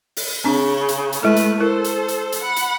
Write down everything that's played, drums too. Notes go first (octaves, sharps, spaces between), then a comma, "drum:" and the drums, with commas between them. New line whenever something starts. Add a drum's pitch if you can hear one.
drum: open hi-hat
C#3 C4 D4
drum: hi-hat
drum: hi-hat
G#3 A3 E4 A4 B4
drum: hi-hat
E4 A4 A#4 C5
drum: hi-hat
drum: hi-hat
drum: hi-hat
F#5 B5
drum: hi-hat